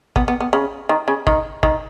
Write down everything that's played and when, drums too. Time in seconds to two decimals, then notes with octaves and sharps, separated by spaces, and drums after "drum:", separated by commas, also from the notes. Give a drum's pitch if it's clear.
0.16 B3, drum: kick
0.28 B3
0.40 B3
0.53 C#3
0.89 D#3
1.08 C#3
1.27 D#3, drum: kick
1.63 D#3, drum: kick